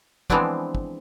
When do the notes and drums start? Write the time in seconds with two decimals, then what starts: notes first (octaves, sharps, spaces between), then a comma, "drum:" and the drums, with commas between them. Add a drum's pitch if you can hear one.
0.30 E3 F3 G#3 B3 C4 D4, drum: kick
0.75 drum: kick